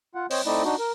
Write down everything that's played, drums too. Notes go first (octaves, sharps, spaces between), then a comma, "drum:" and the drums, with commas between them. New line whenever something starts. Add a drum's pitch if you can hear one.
F4 F#5
C4 C5 C#5 D#5, drum: open hi-hat
A3 C4 D#4 E4 D5 D#5
D4 D#4 F#4
A#4